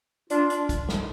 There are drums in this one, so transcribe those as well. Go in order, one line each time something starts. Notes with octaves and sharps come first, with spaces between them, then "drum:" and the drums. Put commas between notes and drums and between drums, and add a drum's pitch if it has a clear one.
D4 F4, drum: hi-hat
drum: hi-hat
drum: kick, hi-hat
drum: snare